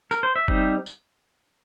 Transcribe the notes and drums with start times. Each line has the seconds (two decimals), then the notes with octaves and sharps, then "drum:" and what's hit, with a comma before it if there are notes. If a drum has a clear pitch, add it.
0.11 A#4, drum: tambourine
0.23 C5
0.36 E5
0.48 G3 C4 D#4, drum: kick
0.86 drum: tambourine